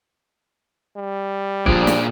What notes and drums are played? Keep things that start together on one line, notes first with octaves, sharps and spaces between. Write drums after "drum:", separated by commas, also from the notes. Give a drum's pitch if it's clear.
G3
A#2 F3 D4 G#4 D5 G#5, drum: kick
drum: snare